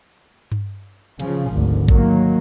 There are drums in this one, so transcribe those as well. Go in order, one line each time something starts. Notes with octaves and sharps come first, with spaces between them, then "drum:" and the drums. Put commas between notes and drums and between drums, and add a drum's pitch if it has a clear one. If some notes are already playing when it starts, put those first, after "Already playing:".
drum: tom G2
C#3 F3, drum: cymbal
G#1 D2
D#3 F#3 A#3, drum: kick A1